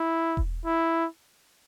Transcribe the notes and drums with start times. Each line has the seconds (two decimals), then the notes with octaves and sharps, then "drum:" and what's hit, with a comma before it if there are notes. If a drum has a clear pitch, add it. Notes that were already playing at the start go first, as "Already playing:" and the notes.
Already playing: E4
0.37 drum: kick E1
0.66 E4